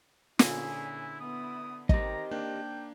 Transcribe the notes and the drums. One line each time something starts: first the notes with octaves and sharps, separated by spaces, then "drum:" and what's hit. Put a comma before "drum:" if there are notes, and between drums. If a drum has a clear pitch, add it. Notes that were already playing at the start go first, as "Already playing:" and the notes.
A#2 D3 C#4 E4 G#4, drum: snare
B3 E4 D#6
D#3 C4 G4 D#5 A#5, drum: kick
A#3 D4 G5